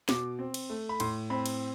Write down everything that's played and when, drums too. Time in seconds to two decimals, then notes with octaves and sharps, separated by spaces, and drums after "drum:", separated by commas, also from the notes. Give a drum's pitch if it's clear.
0.09 B2 D6, drum: snare
0.39 C4
0.54 drum: cymbal
0.70 A3
0.89 B5
1.00 A2 C6, drum: cymbal
1.30 C4 B5
1.46 drum: cymbal